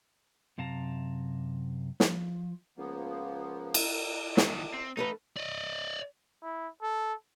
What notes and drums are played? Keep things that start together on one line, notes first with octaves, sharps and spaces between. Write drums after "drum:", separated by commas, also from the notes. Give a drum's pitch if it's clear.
F#2 C3 F5 A5 A#5
F3, drum: snare
C#2 F3 A#3 B3
drum: cymbal
D#3 F#3, drum: snare
C4
A3 D#4 A4 B4
D5 D#5
E4
A4